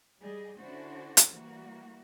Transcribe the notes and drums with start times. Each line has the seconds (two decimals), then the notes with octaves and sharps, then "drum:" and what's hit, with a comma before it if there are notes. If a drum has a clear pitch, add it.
0.20 G3 G#4 D#5
0.57 D3 C#4 D4 E4 F#4 C5
1.17 drum: hi-hat
1.31 E3 G3 A#3 F#4